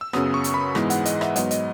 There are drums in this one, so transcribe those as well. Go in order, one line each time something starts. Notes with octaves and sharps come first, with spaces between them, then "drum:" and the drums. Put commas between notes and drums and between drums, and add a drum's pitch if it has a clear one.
E6
F#2 C#3 F#3 B3 D#6, drum: rim click
C#6
drum: hi-hat
B5
G#2 E3 G#3 B3, drum: rim click
F#5, drum: hi-hat
D#5, drum: hi-hat
E5, drum: rim click
G#2 F#3 B3 D#5, drum: hi-hat
D#5, drum: hi-hat